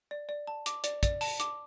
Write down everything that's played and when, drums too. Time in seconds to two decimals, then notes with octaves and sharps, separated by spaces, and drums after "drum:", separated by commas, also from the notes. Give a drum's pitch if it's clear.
0.11 D5
0.29 D5
0.47 A5
0.66 D6, drum: hi-hat
0.84 D5, drum: hi-hat
1.03 D5, drum: kick, hi-hat
1.21 A5, drum: open hi-hat
1.40 D6, drum: hi-hat